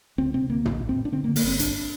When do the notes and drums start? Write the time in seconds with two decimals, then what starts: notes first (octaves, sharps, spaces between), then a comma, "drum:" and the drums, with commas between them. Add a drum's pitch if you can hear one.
0.18 D2 C4
0.34 C3 C4
0.50 D2 A#3
0.65 A#1, drum: tom
0.81 A#2
0.89 C4
0.96 A#2
1.05 D4
1.12 D3 C4
1.24 A#3
1.28 D3
1.36 A#3, drum: open hi-hat
1.43 G1 C4
1.59 A#1 D4, drum: hi-hat